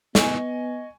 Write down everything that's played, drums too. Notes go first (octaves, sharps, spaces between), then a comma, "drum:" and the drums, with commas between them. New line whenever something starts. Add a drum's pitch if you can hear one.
B3 D#5 G#5 C#6, drum: snare